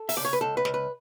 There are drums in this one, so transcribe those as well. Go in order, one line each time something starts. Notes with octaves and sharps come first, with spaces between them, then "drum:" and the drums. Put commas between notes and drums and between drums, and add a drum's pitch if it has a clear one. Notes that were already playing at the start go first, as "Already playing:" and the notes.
Already playing: A4
E5, drum: open hi-hat
C#3 D5
C#5
B4
C#2 A4
B4
C#2, drum: snare
B4